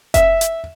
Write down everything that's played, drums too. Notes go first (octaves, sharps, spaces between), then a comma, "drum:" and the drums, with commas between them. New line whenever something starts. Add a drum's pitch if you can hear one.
E5, drum: kick F1, hi-hat
drum: hi-hat